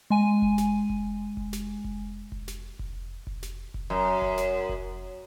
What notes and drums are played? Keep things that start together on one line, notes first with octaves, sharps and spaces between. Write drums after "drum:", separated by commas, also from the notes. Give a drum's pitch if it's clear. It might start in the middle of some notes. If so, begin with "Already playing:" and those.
G#3 G#5 D#7
drum: kick F1
drum: snare
drum: kick F1
drum: kick F1
drum: snare
drum: kick F1
drum: kick F1
drum: snare
drum: kick F1
drum: kick F1
drum: snare
drum: kick F1
F#2
drum: kick F1
drum: snare
drum: kick F1